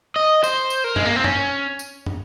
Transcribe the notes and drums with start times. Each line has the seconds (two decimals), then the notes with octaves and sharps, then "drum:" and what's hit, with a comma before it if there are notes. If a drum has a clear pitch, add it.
0.16 D#5
0.44 C5, drum: tambourine
0.70 drum: tambourine
0.84 A#4
0.96 G#3, drum: tom
1.06 A#3
1.16 C4
1.24 C#4, drum: tom
1.79 drum: tambourine
2.06 drum: tom